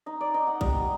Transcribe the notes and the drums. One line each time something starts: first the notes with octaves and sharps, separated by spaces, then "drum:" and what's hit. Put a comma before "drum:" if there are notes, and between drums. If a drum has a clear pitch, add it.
D#4 D#5
D5
D#4 D#5
F#5
G3 D#5, drum: kick A#1